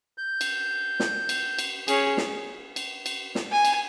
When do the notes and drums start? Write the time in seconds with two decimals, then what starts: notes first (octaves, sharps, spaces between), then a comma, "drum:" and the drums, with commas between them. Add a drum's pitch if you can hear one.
0.18 G6
0.41 drum: cymbal
1.00 drum: snare
1.29 drum: cymbal
1.59 drum: cymbal
1.88 C#4 G#4 C#5, drum: cymbal
2.17 drum: snare
2.76 drum: cymbal
3.06 drum: cymbal
3.35 drum: snare
3.52 G#5
3.65 drum: cymbal